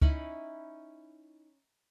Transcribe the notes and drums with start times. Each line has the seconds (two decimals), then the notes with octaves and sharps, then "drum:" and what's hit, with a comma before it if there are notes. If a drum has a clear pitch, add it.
0.02 C#4 D#4 E4 B5, drum: kick C#2